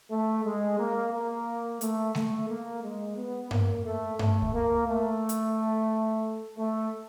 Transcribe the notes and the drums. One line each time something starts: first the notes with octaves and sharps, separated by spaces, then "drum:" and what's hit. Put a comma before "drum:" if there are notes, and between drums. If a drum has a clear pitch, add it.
A3
G#3
A#3
A#3
A3, drum: hi-hat
A3, drum: snare G#3
A#3
G#3
B3
A#3, drum: tom G2
A3
A3, drum: tom G2
drum: kick C#2
A#3
A3
drum: hi-hat
A3